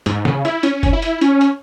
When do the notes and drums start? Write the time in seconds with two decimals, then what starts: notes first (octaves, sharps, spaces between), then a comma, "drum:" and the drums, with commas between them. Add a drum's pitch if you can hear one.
0.06 G#2, drum: hi-hat
0.25 C#3, drum: snare
0.45 E4, drum: hi-hat
0.63 C#4, drum: hi-hat
0.83 drum: kick F#1, hi-hat
0.93 E4
1.02 drum: hi-hat
1.21 C#4, drum: hi-hat
1.41 drum: hi-hat